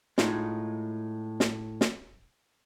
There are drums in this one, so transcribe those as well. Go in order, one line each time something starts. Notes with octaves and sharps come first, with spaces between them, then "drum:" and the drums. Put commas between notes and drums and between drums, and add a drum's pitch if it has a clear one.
A2 G#3 D#4 F4, drum: snare
drum: snare
drum: snare